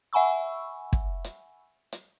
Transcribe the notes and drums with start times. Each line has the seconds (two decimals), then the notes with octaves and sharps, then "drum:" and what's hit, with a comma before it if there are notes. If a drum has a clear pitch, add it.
0.13 E5 F#5 G#5 B5 C#6 E6
0.93 drum: kick
1.24 drum: hi-hat
1.92 drum: hi-hat